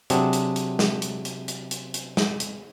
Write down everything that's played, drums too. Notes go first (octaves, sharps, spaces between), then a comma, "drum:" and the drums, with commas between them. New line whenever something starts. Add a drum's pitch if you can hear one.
C3 F#3 C4 D4 G#4, drum: hi-hat
drum: hi-hat
drum: hi-hat
drum: snare
drum: hi-hat
drum: hi-hat
drum: hi-hat
drum: hi-hat
drum: hi-hat
drum: snare
drum: hi-hat